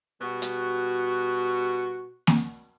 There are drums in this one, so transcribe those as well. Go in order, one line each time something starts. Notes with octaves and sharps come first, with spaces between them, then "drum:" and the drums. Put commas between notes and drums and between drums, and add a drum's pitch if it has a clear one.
B2 G3 F#4
drum: hi-hat
drum: snare A#3